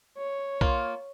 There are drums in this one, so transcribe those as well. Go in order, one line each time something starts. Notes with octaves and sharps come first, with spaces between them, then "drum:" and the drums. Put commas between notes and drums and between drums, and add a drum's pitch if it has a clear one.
C#5
A#3 F4, drum: kick